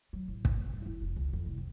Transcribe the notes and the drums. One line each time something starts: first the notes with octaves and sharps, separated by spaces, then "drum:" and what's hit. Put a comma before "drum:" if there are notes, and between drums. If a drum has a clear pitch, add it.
F#3
A1
G#2, drum: kick
E1
G2
E4
F1
C#2
F2
C2
C4